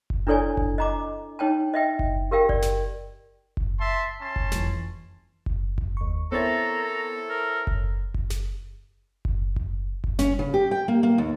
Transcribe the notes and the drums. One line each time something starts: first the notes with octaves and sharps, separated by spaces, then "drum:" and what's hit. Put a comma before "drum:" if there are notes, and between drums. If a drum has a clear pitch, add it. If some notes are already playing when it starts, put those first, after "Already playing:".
drum: kick F#1
D4 E4 A4 C#5 D5 G#5
drum: kick F#1
D#5 A#5 D6
D#4 C#5 G5 A5
D#5 E5 G5
drum: kick F#1
G4 A#4 F5 G5
D5, drum: kick F#1
drum: snare
drum: kick F#1
E5 A5 C6
C#4 A5 C6
drum: kick F#1
F2 E3, drum: snare
drum: kick F#1
drum: kick F#1
D#2 C#6
B3 C4 E4 A4 A#4 C#5 A#5 A6
A#4
drum: kick F#1
drum: kick F#1
drum: snare
drum: kick F#1
drum: kick F#1
drum: kick F#1
C#4, drum: snare
C#3
G4
G5
A#3
A#3
D#2